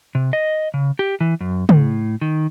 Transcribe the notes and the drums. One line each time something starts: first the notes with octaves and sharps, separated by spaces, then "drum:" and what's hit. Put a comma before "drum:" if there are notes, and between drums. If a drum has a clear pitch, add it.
C3
D#5
C#3
G4
E3
F#2
A2, drum: tom C#3
D#3